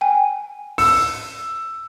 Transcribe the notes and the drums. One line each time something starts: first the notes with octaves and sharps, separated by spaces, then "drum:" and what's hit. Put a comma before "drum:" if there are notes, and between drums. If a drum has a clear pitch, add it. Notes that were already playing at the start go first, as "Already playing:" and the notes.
G5 G#5
E6 C#7, drum: open hi-hat